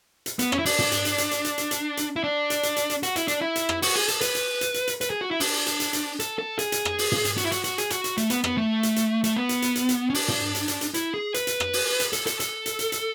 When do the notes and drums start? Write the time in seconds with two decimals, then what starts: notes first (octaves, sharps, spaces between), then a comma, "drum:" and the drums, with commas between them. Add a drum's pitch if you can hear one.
0.26 drum: hi-hat
0.39 B3, drum: hi-hat
0.52 C#4, drum: rim click
0.59 E4
0.66 D4, drum: open hi-hat
0.79 drum: tom
0.92 drum: hi-hat
1.05 drum: hi-hat
1.18 drum: hi-hat
1.31 drum: hi-hat
1.45 drum: hi-hat
1.58 drum: hi-hat
1.71 drum: hi-hat
1.97 drum: hi-hat
2.16 E4
2.24 D4
2.50 drum: hi-hat
2.63 drum: hi-hat
2.76 drum: hi-hat
2.90 drum: hi-hat
3.03 F#4, drum: hi-hat
3.16 E4, drum: hi-hat
3.28 D4, drum: hi-hat
3.41 E4
3.56 drum: hi-hat
3.69 drum: rim click
3.82 F#4, drum: open hi-hat
3.96 G#4
4.08 A4, drum: hi-hat
4.21 B4, drum: hi-hat
4.35 drum: hi-hat
4.61 drum: hi-hat
4.74 drum: hi-hat
4.87 drum: hi-hat
5.01 B4, drum: hi-hat
5.10 G#4
5.21 F#4
5.31 E4
5.40 D4, drum: open hi-hat
5.67 drum: hi-hat
5.80 drum: hi-hat
5.93 drum: hi-hat
6.20 A4, drum: hi-hat
6.39 A4
6.59 G#4, drum: hi-hat
6.72 drum: hi-hat
6.85 drum: rim click
6.99 drum: open hi-hat
7.12 drum: tom
7.25 drum: hi-hat
7.38 F#4, drum: hi-hat
7.45 E4
7.52 F#4, drum: hi-hat
7.64 F#4, drum: hi-hat
7.78 G#4, drum: hi-hat
7.90 F#4, drum: hi-hat
8.04 drum: hi-hat
8.18 A3, drum: hi-hat
8.30 B3, drum: hi-hat
8.44 B3, drum: rim click
8.57 A3
8.83 drum: hi-hat
8.96 drum: hi-hat
9.24 A3, drum: hi-hat
9.36 B3
9.49 drum: hi-hat
9.62 drum: hi-hat
9.76 drum: hi-hat
9.89 drum: hi-hat
10.10 C#4
10.14 D4, drum: open hi-hat
10.28 drum: tom
10.55 drum: hi-hat
10.68 drum: hi-hat
10.81 drum: hi-hat
10.94 E4, drum: hi-hat
11.14 G#4
11.34 B4, drum: hi-hat
11.47 drum: hi-hat
11.60 drum: rim click
11.73 drum: open hi-hat
12.00 drum: hi-hat
12.13 A4, drum: hi-hat
12.27 A4, drum: hi-hat
12.40 A4, drum: hi-hat
12.66 drum: hi-hat
12.79 drum: hi-hat
12.92 drum: hi-hat